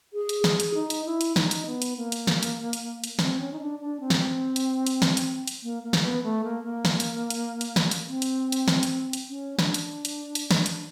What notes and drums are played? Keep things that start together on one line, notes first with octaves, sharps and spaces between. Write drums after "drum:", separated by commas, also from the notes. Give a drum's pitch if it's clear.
G#4
drum: hi-hat
G#4, drum: snare
drum: hi-hat
D#4
drum: hi-hat
E4
drum: hi-hat
D#4, drum: snare
drum: hi-hat
B3
drum: hi-hat
A#3
drum: hi-hat
drum: snare
drum: hi-hat
drum: hi-hat
drum: hi-hat
C4, drum: snare
C#4
D#4
D4
D4
C4
drum: snare
C4
drum: hi-hat
drum: hi-hat
drum: snare
drum: hi-hat
drum: hi-hat
A#3
A#3
drum: snare
B3
A3
A#3
A#3
drum: snare
drum: hi-hat
drum: hi-hat
drum: hi-hat
drum: snare
drum: hi-hat
C4
drum: hi-hat
drum: hi-hat
drum: snare
drum: hi-hat
drum: hi-hat
C#4
D4, drum: snare
drum: hi-hat
drum: hi-hat
drum: hi-hat
drum: snare
drum: hi-hat